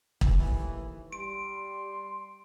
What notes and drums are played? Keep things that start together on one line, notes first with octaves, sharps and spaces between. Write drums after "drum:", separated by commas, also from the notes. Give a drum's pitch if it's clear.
D#2 A2 E3, drum: kick
G3 C6 D7